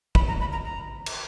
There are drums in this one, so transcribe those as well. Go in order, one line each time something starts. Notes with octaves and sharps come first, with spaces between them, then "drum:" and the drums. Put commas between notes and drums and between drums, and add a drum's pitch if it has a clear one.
B5, drum: kick
A#5
B5
A#5
A#5
drum: cymbal